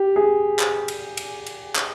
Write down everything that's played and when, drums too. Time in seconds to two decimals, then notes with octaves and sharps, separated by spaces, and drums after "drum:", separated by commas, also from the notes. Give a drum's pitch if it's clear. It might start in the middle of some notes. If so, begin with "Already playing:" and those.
Already playing: G4
0.16 G#4
0.59 drum: clap
0.88 drum: cymbal
1.17 drum: cymbal
1.46 drum: cymbal
1.76 drum: clap